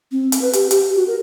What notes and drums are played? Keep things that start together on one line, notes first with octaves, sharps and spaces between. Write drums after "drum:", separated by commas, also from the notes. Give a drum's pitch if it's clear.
C4
drum: hi-hat
B4
G4, drum: hi-hat
G4, drum: hi-hat
F#4
A#4